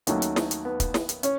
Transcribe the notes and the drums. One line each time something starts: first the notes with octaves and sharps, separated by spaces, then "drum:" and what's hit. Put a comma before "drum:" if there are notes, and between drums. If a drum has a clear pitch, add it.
D#2 D#3 F#3 A3 C#4, drum: hi-hat
drum: hi-hat
drum: snare
drum: hi-hat
B3
drum: kick, hi-hat
drum: snare
drum: hi-hat
C#4, drum: hi-hat